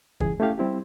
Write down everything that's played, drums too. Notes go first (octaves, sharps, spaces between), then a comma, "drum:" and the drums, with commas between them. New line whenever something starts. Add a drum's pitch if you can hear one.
C#2 G2 E3 G#4, drum: kick
A3 C#4 E4 G4 F5
G3 C4 E4 G4